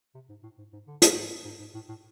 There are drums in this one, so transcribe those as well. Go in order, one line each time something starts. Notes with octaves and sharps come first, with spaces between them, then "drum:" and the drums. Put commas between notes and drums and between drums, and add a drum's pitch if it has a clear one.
C3
G#2
A2
G#2
G#2
D3
drum: hi-hat
A2
G#2
G#2
G#2
A2
A2